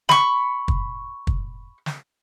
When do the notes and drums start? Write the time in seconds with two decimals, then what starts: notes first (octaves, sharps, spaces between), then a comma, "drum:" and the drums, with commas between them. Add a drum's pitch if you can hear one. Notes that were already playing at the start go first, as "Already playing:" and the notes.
0.09 B5 C#6, drum: snare
0.68 drum: kick
1.27 drum: kick
1.86 drum: snare